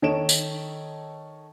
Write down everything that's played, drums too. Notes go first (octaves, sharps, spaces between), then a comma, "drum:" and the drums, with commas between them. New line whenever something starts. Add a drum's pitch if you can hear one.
D#3 A4 C#5 D#5 D7 E7
drum: tambourine